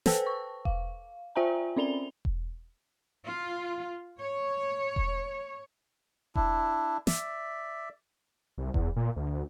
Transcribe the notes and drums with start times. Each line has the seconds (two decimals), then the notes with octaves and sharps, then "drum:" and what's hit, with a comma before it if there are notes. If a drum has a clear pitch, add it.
0.06 A4 B4 C5 G5 A5 E6, drum: snare
0.27 C#6
0.65 F5, drum: kick E1
1.35 F4 C5 E5 G5 G#5 A#5
1.77 C4 C#4 D5 F7 G7
2.25 drum: kick E1
3.24 F4
4.20 C#5
4.96 drum: kick E1
6.35 D4 E4, drum: kick E1
7.07 D5 E5, drum: snare
8.58 C2
8.74 E2, drum: kick E1
8.96 A#2
9.16 D2